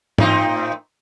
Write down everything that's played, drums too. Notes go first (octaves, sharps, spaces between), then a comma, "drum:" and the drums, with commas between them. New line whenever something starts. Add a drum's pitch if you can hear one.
A2 C4 D#4, drum: tom G#2